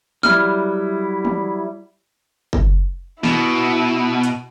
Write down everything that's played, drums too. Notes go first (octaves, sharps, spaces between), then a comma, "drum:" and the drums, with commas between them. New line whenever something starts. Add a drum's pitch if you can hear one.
F#3 G3 E4 F6, drum: tom
drum: tom
drum: kick F#1
B2 E4, drum: snare
drum: hi-hat